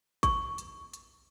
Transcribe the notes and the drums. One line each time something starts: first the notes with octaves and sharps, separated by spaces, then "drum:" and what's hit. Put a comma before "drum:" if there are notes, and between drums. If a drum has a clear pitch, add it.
C#6, drum: kick G#1, hi-hat
drum: hi-hat
drum: hi-hat